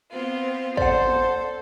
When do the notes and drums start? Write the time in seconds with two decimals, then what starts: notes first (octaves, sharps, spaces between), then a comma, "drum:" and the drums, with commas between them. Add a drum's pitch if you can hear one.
0.11 B3 C4 F4
0.77 A4 C5 D5 F#5, drum: kick
1.07 drum: tom